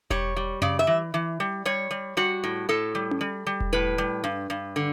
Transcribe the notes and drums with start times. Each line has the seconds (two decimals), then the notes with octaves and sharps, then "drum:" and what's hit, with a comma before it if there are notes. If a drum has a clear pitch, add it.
0.10 G3 C#5, drum: kick E1
0.36 G3
0.62 C#3 D5, drum: tom F#2
0.79 E5
0.87 E3
1.14 E3
1.40 G3
1.65 G3 C#5
1.91 G3
2.17 G3 F#4
2.44 A2
2.69 A2 A4
2.95 G3
3.11 drum: tom C#4
3.21 G3
3.47 G3
3.60 drum: kick E1
3.73 A2 B4
3.98 G3
4.24 G2
4.50 G2
4.76 D3